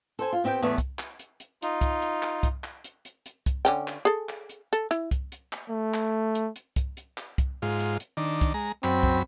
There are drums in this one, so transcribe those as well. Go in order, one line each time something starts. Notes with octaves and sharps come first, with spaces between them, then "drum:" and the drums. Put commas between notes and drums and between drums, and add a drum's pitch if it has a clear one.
A4 C5 G#5
F4
B3 C4 G4 E5 G5
E2 A2 A3 B3 E5
drum: kick C2, hi-hat
drum: clap
drum: hi-hat
drum: hi-hat
D#4 F4, drum: hi-hat
drum: kick C2, hi-hat
drum: hi-hat
drum: clap
drum: kick C2, hi-hat
drum: clap
drum: hi-hat
drum: hi-hat
drum: hi-hat
drum: kick C2, hi-hat
D3 C#4 G5
drum: clap
G#4 A4
drum: clap
drum: hi-hat
A4, drum: hi-hat
E4, drum: hi-hat
drum: kick C2, hi-hat
drum: hi-hat
drum: clap
A3
drum: clap
drum: hi-hat
drum: hi-hat
drum: kick C2, hi-hat
drum: hi-hat
drum: clap
drum: kick C2, hi-hat
G#2 F4
drum: hi-hat
drum: hi-hat
D#3 D4
drum: kick C2, hi-hat
G#3 A#5
F#2 C4 B5, drum: clap
drum: kick C2